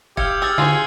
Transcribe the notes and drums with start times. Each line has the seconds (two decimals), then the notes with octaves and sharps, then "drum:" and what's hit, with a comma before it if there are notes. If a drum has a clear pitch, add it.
0.17 G4 F5 E6 G#6 C#7, drum: kick
0.42 G#4 E6 F6 A6
0.58 D3 F4 G#4 C5 G#5 C7